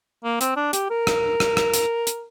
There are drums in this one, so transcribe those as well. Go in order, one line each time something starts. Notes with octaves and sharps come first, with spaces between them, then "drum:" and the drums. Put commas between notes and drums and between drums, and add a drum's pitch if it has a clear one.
A#3
C4, drum: hi-hat
D4
G4, drum: hi-hat
A#4
drum: rim click
drum: rim click
drum: rim click
drum: hi-hat
drum: hi-hat